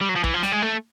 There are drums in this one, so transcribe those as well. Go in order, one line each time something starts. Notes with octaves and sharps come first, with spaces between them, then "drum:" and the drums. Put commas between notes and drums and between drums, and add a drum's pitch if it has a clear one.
G3
F#3
F3
E3, drum: kick
F3
G3, drum: snare
G#3
A3